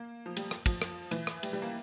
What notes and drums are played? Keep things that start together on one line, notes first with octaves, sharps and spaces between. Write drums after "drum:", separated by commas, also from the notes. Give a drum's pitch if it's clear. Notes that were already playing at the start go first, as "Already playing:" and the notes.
Already playing: A#3
F3
G3, drum: cymbal
drum: rim click
F3, drum: kick, cymbal
drum: rim click
E3, drum: cymbal
drum: rim click
G3, drum: cymbal
G3
A#3